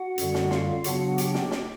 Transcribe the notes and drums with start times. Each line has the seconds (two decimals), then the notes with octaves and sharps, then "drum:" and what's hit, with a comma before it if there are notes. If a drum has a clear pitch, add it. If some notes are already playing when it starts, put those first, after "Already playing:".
Already playing: F#4 F#5
0.18 F#2 D3 G3, drum: hi-hat
0.34 drum: snare
0.51 F4 F5, drum: snare
0.84 C#3 F#3 B3 D4 F#4 F#5, drum: hi-hat
1.18 G4 G5, drum: hi-hat
1.34 drum: snare
1.51 drum: snare